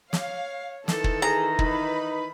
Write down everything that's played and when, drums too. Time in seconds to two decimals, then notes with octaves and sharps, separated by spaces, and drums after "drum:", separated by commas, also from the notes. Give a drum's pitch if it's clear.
0.13 C#5 F5, drum: snare
0.88 D#3 E3 A4, drum: snare
1.04 drum: kick
1.22 G#4 A#5
1.59 D#4 B4 B5, drum: kick